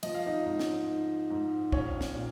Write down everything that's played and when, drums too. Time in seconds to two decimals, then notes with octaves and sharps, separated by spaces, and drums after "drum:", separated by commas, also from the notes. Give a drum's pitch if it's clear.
0.03 F3 D#5, drum: cymbal
0.15 F5
0.26 D#4 D#5
0.45 G#2
0.59 drum: snare
0.88 D#4
1.30 G#2
1.72 A#1 C#4 C#5, drum: kick
2.01 drum: snare
2.15 A#2